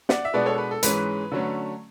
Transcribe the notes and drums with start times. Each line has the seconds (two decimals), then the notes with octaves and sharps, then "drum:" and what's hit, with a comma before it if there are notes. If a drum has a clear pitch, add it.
0.09 D5 F#5, drum: snare
0.25 E5
0.33 B2 G#3 B3 D4 B4 D5
0.46 A4 C#5
0.58 B4
0.71 A4
0.83 G#2 E3 G#3 C#4 B4, drum: hi-hat
1.32 D3 F#3 A3 C#4